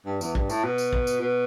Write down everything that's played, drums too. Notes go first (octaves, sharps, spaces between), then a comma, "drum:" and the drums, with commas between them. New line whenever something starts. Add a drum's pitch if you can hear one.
G2
E2, drum: tambourine
G2, drum: kick
A2, drum: tambourine
B2
drum: tambourine
drum: kick
drum: tambourine
B2